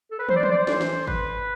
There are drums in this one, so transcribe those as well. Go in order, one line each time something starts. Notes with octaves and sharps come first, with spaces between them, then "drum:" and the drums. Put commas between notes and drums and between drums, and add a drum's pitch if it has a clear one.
A4
B4
C5, drum: tom
D5
C5, drum: tom
D5
C5
D5
A2 E3 C5, drum: snare
drum: snare
B4, drum: kick G#1